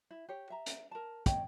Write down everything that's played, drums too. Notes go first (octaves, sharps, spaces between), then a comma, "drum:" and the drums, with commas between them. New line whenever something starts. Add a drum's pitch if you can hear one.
E4
G4 C#5
E5 A#5
drum: hi-hat
A#4 A5
C#5 D#5 G5, drum: kick, hi-hat